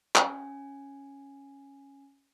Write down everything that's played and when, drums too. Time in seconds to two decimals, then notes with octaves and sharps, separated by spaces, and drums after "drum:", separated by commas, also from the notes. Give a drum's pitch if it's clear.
0.16 C#4 G#5, drum: clap